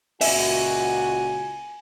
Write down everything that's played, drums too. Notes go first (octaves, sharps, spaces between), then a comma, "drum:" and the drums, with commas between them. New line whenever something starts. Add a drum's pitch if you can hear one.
C#2 A#2 F#4 E5 G#5, drum: open hi-hat